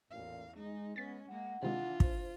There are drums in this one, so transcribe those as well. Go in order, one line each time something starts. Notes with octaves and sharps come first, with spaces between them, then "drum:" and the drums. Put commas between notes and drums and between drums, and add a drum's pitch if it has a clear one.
A1 E2 A#2 F5
G#3 D#4
G#3 B3 C#4 A6 B6
G#3 A#3 F#5
C3 D#3 E3 G#3 D4 F4
C5, drum: kick